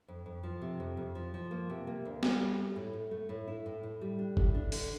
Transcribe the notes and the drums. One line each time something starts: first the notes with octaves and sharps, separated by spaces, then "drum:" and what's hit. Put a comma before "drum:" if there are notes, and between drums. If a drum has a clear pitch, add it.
F2
F2
F3
C3
F2
F2
F3
F3
A#3
C3
A#3
D2
G3, drum: snare B3
G3
A3
A2
A3
A3
A2
E4
A2
A2
G3
D4
A2, drum: kick G1
D4
D3, drum: open hi-hat